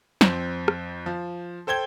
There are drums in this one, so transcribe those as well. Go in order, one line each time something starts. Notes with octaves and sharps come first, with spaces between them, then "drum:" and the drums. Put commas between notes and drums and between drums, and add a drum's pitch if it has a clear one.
F2 C4, drum: snare
drum: rim click
F3
A4 C5 G5 G#6 G7